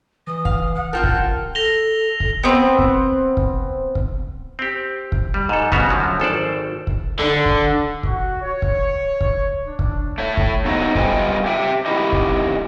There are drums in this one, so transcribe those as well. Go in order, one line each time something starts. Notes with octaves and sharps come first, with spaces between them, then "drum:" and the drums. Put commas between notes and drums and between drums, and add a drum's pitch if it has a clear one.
E3 D#6
F5, drum: kick
F#5
A1 C4 F4 A#4 G5 A5
drum: kick
A4 A#6 F7 G7
drum: kick
B3 C4
drum: kick
drum: kick
drum: kick
C4 G4
drum: kick
G3
G#2 A4
C#3 G3 B3 F#4 C#5, drum: kick
F#2 D3 F3 F#3
G#1 A4 C5 D5
drum: kick
D3
drum: kick
F#4, drum: kick
C#5
drum: kick
drum: kick
D4
drum: kick
A3 C#5
drum: kick
B3 D#4 F#4 A4 C5 D#5
B2 G3 F4 D#5 G5 G#5, drum: kick
G4 E5 G5
G#2 E4 G4 D#5
drum: kick